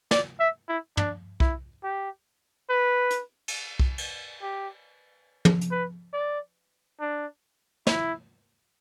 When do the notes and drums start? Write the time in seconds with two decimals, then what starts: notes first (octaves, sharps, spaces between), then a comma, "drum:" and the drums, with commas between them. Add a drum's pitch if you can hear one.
0.11 D5, drum: snare
0.40 E5
0.68 E4
0.97 D4, drum: tom
1.40 E4, drum: kick B1
1.83 G4
2.70 B4
3.11 drum: hi-hat
3.48 drum: cymbal
3.79 drum: kick B1
3.98 drum: cymbal
4.42 G4
5.45 drum: tom
5.61 drum: hi-hat
5.71 B4
6.13 D5
7.00 D4
7.87 E4, drum: snare